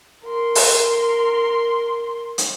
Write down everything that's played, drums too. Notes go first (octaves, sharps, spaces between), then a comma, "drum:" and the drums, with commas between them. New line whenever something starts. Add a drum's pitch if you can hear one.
A#4 C6
drum: open hi-hat
drum: hi-hat